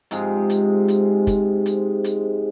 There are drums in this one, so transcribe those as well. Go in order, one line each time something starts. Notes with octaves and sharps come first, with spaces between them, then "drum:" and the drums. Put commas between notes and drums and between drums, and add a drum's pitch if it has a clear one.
G#2 C3 F3 G#3, drum: hi-hat
drum: hi-hat
drum: hi-hat
drum: kick, hi-hat
drum: hi-hat
drum: hi-hat